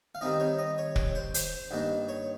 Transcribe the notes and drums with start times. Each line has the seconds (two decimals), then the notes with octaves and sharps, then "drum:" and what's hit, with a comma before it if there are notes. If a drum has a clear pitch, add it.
0.15 F5
0.21 D#3 G3 C4 D#4 D#5
0.40 C#5
0.59 D#5
0.78 C#5
0.96 C#5, drum: kick
1.15 C5
1.34 C5, drum: hi-hat
1.71 G2 D#3 A#3
2.09 C#5